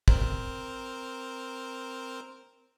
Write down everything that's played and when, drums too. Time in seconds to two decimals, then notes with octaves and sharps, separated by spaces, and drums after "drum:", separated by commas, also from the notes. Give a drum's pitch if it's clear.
0.08 C4 A#4 C5, drum: kick